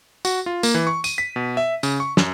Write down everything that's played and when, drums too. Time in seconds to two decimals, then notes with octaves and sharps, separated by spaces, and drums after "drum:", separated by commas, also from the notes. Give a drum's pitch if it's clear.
0.25 F#4, drum: tambourine
0.46 F4
0.63 A#3, drum: tambourine
0.75 E3
0.87 C#6
1.04 D#7, drum: tambourine
1.18 B6
1.36 B2
1.57 E5
1.83 C#3, drum: tambourine
2.00 C#6
2.17 F#2, drum: snare